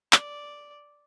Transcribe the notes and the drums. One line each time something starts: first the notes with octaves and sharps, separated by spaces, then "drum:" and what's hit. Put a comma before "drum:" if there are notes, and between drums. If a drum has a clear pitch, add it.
D5, drum: clap